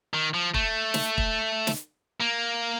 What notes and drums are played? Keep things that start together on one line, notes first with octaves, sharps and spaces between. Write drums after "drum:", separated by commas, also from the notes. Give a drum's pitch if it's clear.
D#3
F3
A3, drum: kick
drum: snare
drum: kick
drum: snare
A#3